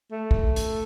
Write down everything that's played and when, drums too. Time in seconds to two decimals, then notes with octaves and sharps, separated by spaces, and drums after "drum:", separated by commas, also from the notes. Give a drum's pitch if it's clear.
0.12 A3
0.31 drum: kick
0.56 drum: hi-hat